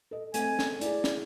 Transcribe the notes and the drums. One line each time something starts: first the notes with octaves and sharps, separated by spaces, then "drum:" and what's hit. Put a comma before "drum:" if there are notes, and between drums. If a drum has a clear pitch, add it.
A4 D#5
A3 C4 A4 G#5, drum: hi-hat
drum: snare
E4 G#4 D5, drum: hi-hat
drum: snare